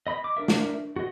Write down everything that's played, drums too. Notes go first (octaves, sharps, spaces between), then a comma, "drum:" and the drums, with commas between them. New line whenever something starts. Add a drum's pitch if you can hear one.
D#5 B5
D6
D4 A#4 E5
drum: snare
F#4 D#5